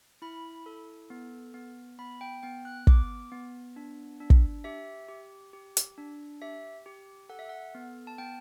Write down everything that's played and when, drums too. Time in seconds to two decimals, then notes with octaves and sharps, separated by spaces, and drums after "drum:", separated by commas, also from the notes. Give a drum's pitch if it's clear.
0.22 E4 B5
0.66 A4
1.10 B3
1.54 B3
1.99 B3 B5
2.21 G5
2.43 B3 G5
2.65 F#6
2.87 B3 D6, drum: kick
3.32 B3
3.76 D4
4.20 D4
4.30 drum: kick
4.64 G4 E5
5.08 G4
5.53 G4
5.77 drum: hi-hat
5.98 D4
6.42 G4 E5
6.86 G4
7.29 A4 F#5
7.39 E5
7.49 F#5
7.74 B3
8.07 A5
8.18 B3 G5